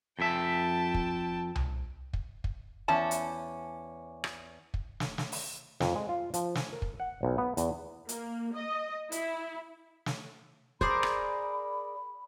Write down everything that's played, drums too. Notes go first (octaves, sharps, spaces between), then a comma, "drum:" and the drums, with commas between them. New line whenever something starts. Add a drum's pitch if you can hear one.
F2 E5 G5 A5
drum: kick
drum: tom C2
drum: kick
drum: kick
E2 C#4 A5
drum: hi-hat
drum: rim click
drum: kick
drum: snare
drum: snare
drum: open hi-hat
F2, drum: snare
G#3
F4
F3, drum: hi-hat
G#5, drum: snare
A#4
drum: kick
F#5
B1
B3
E2, drum: hi-hat
A#3, drum: hi-hat
D#5
E4, drum: hi-hat
drum: snare
G#4 A#4 C5 D5 B5, drum: kick
drum: rim click